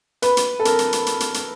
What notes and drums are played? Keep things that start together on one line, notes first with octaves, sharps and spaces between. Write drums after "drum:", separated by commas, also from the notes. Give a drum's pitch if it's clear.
B4, drum: hi-hat
drum: hi-hat
A4
A#4, drum: hi-hat
drum: hi-hat
drum: hi-hat
drum: hi-hat
drum: hi-hat
drum: hi-hat